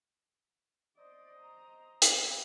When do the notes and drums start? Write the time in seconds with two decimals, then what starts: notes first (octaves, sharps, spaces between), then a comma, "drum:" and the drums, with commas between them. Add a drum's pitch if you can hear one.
0.97 C5 D5 D#5
1.39 A#5
2.02 B3 C4 G4, drum: hi-hat